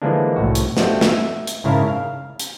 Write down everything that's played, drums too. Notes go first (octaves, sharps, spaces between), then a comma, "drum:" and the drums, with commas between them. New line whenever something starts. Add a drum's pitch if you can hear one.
D3 E3 F3 G#3 A#3 D4
C2 A2 F#4
drum: hi-hat
F3 G3 A3 C4 F#4, drum: snare
E5, drum: snare
drum: hi-hat
G#2 C#3 E4 A#4 F5 A5
F5
drum: hi-hat